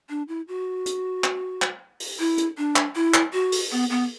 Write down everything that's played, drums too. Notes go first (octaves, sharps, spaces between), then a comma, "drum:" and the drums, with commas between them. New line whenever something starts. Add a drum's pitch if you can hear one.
D4
E4
F#4
drum: hi-hat
drum: clap
drum: clap
drum: open hi-hat
E4
drum: hi-hat
D4
drum: clap
E4
drum: clap
F#4
drum: open hi-hat
B3
B3